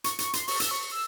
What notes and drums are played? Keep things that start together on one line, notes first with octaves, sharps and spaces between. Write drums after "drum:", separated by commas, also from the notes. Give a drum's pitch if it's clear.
C#6, drum: hi-hat
C#6, drum: hi-hat
C6, drum: hi-hat
C#6, drum: open hi-hat
E6, drum: hi-hat
C#6
E6